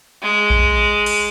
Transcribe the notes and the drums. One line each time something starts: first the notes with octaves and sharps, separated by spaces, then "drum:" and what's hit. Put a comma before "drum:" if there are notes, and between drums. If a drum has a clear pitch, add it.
G#3
drum: kick A#1
drum: open hi-hat